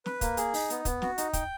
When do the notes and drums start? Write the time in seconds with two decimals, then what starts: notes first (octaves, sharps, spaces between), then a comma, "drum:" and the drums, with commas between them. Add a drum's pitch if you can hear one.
0.06 B4, drum: snare
0.21 A#3, drum: kick, hi-hat
0.37 G#4, drum: hi-hat
0.54 D#4, drum: open hi-hat
0.70 B3, drum: hi-hat
0.85 B3, drum: kick, hi-hat
1.02 F#4, drum: snare
1.18 D#4, drum: hi-hat
1.33 G5, drum: kick, hi-hat